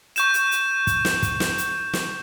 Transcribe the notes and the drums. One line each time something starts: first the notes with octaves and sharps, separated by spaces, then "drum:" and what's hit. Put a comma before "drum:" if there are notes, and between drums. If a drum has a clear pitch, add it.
C#6 G6 E7, drum: hi-hat
drum: hi-hat
drum: hi-hat
drum: kick, hi-hat
drum: snare
drum: kick, hi-hat
drum: snare
drum: hi-hat
drum: snare